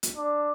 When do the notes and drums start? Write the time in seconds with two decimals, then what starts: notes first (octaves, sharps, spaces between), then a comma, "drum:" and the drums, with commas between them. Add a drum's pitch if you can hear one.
0.03 drum: hi-hat
0.16 D4